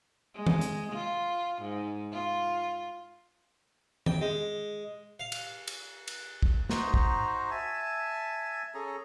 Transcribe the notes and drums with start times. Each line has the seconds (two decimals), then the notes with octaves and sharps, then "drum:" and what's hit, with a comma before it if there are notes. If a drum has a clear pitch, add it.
0.35 G#3
0.47 drum: tom D#3
0.61 drum: hi-hat
0.93 F4
1.63 G#2
2.12 F4
4.06 G5, drum: tom D#3
4.21 G#3
5.20 F5
5.32 drum: cymbal
5.68 drum: cymbal
6.08 drum: cymbal
6.43 drum: kick
6.70 D#4 F#4 C5 A#5, drum: snare
6.94 drum: kick
7.51 E5 G#5 A5
8.74 C#4 G#4 A4 A#5